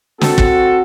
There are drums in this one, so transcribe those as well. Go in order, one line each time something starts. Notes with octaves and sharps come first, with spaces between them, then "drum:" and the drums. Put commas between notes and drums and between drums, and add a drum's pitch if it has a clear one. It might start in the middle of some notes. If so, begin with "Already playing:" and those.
C4 F#4 A4, drum: snare
drum: kick